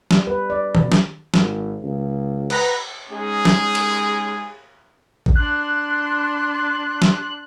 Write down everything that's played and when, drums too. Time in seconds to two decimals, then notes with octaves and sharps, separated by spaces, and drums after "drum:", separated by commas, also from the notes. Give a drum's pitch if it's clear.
0.11 G3, drum: snare
0.27 B4
0.50 D5
0.75 B2, drum: tom D#3
0.92 drum: snare
1.34 G#1, drum: snare
1.83 C#2
2.50 B4 F#5 A#5, drum: cymbal
3.10 G#3 C#4 D#4 G#4
3.45 drum: snare
3.75 drum: cymbal
5.26 drum: kick A1
5.35 D4 C6 F#6
7.02 drum: snare